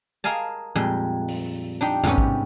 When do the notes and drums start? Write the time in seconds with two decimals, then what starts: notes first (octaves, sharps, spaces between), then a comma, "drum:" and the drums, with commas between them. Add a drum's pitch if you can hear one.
0.24 G#4 A#4 D#5 F5 G#5 A5
0.75 F2 A#2 G3 G#3
1.28 drum: open hi-hat
1.81 D4 D#4 G4
2.04 G#2 C3 G3 B3 C#4, drum: tom E2
2.18 drum: kick A1